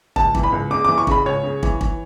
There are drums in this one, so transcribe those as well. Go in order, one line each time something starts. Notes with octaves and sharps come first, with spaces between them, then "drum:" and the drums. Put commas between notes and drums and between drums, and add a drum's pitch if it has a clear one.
C#2 A5, drum: kick
E3, drum: kick
B5
C#2
C#3 D6
E3 D6
C#6
C#3 B5, drum: kick
C#2 C#5
C#3
E3, drum: kick
E3, drum: kick